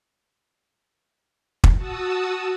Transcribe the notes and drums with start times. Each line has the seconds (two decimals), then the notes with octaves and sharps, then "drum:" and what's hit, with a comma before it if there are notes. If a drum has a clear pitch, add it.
1.64 drum: kick
1.76 F#4 A5 D#6 E6